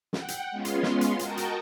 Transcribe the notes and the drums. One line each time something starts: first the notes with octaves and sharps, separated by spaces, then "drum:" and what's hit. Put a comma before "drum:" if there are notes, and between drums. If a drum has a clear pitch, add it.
F#5 G5, drum: snare
drum: hi-hat
G#3 B3 C#4 F4 C6
drum: hi-hat
drum: snare
drum: hi-hat
F#4 A#4 D#5 G5 A5 A#5, drum: hi-hat
drum: hi-hat